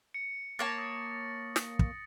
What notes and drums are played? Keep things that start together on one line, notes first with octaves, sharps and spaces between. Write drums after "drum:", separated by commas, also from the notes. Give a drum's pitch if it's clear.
C#7
A#3 C#5 A5 A6 A#6
D#6
drum: snare
drum: kick